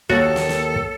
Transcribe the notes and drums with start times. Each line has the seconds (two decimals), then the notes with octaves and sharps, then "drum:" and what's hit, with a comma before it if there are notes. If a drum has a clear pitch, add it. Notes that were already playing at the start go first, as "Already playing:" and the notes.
0.10 D#2 A#3 F#4 A4 C#5 A6, drum: kick
0.36 drum: snare
0.49 drum: snare
0.76 drum: kick